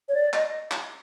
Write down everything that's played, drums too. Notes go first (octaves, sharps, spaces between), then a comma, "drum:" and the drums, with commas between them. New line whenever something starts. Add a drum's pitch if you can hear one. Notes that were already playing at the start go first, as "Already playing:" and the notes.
C#5
D5
D#5, drum: clap
drum: clap